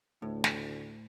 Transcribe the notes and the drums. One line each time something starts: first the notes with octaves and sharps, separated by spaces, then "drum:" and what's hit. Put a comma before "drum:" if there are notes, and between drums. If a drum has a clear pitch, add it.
D2 A2
drum: snare